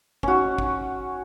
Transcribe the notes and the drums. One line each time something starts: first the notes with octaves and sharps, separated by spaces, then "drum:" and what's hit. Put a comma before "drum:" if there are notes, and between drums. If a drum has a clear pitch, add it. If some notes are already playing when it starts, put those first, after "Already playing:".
C#4 F#4, drum: kick
drum: kick